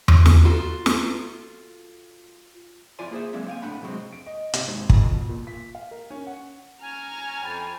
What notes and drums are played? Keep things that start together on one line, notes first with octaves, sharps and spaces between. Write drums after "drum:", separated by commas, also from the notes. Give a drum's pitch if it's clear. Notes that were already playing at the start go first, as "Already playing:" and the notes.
drum: tom E2
drum: snare
F4 F#4 A4
drum: snare
F2 E4 F4 D5 G#5 C6
A#3 G#4 C5 E5
F#3 G#3 A#3 C4 D5 E5
C4 F5 G5 G#5
A2 A3 D4 F#5 B5
C3 F#3 G#3 C4
D7
D#5
C3, drum: hi-hat
G#1
F2, drum: kick
B2
A#2
B6
F5
A#4
C#4
F#5
C#4 G#5 A#5 F6
F2 G5 B5 A6